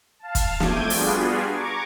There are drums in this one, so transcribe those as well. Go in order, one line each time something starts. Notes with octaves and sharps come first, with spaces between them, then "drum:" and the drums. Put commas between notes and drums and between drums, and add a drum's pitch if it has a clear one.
F5 A5
drum: kick, hi-hat
F2 A3 D6 G6 G#6 D#7, drum: snare
G3 B3 D4 F4 F#4 G#4, drum: open hi-hat
A#5 C#6 D6 G#6